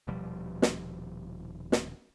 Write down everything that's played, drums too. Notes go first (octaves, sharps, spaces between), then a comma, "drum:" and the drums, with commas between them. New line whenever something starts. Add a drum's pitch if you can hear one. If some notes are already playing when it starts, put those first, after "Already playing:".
D#1 B2 F3 G3
drum: snare
drum: snare